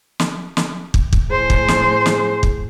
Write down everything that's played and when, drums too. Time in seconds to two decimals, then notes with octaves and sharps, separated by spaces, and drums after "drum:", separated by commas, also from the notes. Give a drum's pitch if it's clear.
0.20 drum: snare
0.57 drum: snare
0.94 drum: kick
1.13 drum: kick
1.31 A2 G#4 C5
1.50 drum: kick
1.68 drum: snare
2.06 drum: snare
2.43 drum: kick